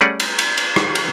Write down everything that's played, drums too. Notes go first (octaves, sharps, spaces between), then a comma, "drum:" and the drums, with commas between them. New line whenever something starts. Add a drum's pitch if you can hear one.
G3 A3 C#4 G#4 D5 F#5
drum: cymbal
drum: cymbal
drum: cymbal
drum: rim click
drum: cymbal